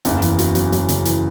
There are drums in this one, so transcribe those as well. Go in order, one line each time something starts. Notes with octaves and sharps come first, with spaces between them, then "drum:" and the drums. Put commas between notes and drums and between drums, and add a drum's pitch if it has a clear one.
F#1 E2 C#3 E3, drum: hi-hat
E3, drum: hi-hat
F#4, drum: hi-hat
F#3, drum: hi-hat
F#3, drum: hi-hat
C#3, drum: hi-hat
E3, drum: hi-hat